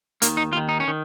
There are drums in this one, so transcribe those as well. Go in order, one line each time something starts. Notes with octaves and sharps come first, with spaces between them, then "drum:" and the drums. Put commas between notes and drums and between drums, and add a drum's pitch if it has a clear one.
D#2 D#3 A#3, drum: hi-hat
D#4
D#2 D#3 F4
D#4
C#4
D#3